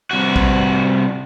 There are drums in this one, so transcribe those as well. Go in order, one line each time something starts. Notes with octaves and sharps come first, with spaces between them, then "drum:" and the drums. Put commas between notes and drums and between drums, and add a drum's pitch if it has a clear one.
C2 F#4
drum: kick A#1